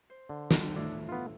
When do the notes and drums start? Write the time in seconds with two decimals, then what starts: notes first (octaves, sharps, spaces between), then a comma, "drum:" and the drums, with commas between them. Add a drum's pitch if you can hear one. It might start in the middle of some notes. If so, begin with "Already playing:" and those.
0.10 C5
0.29 D3
0.51 G3 F4 A4, drum: snare
0.76 A2 A3 D5 E6
1.09 B3 F4